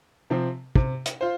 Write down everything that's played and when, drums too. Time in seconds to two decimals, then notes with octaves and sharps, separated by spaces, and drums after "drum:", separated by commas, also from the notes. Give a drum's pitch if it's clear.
0.30 C3 F3 C4
0.76 C3, drum: kick
1.06 drum: hi-hat
1.21 F4 C5